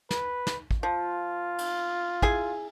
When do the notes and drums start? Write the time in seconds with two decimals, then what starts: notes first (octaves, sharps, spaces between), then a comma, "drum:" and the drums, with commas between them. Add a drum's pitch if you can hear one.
0.11 B4, drum: snare
0.47 drum: snare
0.71 drum: kick
0.83 F3 F4
1.58 drum: cymbal
2.22 E4 G#4 G#5, drum: kick